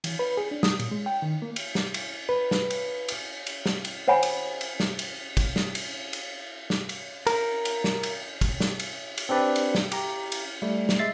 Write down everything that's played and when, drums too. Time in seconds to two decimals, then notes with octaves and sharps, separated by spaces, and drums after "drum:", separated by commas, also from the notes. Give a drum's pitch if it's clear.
0.04 E3, drum: cymbal
0.19 B4
0.37 G#4
0.51 D4
0.63 D#6, drum: snare
0.79 A#2, drum: cymbal
0.91 G#3
1.06 G5
1.22 D#3
1.42 A#3
1.56 drum: cymbal
1.75 drum: snare
1.94 drum: cymbal
2.29 B4
2.51 drum: snare
2.70 drum: cymbal
3.08 drum: cymbal
3.47 drum: cymbal
3.66 drum: snare
3.85 drum: cymbal
4.08 C5 C#5 F#5 G#5 B5
4.23 drum: cymbal
4.61 drum: cymbal
4.80 drum: snare
4.99 drum: cymbal
5.37 drum: kick, cymbal
5.56 drum: snare
5.75 drum: cymbal
6.13 drum: cymbal
6.70 drum: snare
6.89 drum: cymbal
7.27 A#4, drum: cymbal
7.65 drum: cymbal
7.84 drum: snare
8.03 drum: cymbal
8.41 drum: kick, cymbal
8.60 drum: snare
8.79 drum: cymbal
9.18 drum: cymbal
9.29 C4 D4 G4 B4 D5
9.56 drum: cymbal
9.75 drum: snare
9.92 G4 A#5, drum: cymbal
10.32 drum: cymbal
10.62 G3 A3
10.89 drum: snare
10.99 G#3 E5 A6 C7